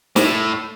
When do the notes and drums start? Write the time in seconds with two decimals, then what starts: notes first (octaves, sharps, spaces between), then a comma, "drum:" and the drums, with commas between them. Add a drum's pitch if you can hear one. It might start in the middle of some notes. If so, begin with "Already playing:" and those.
0.16 A2, drum: snare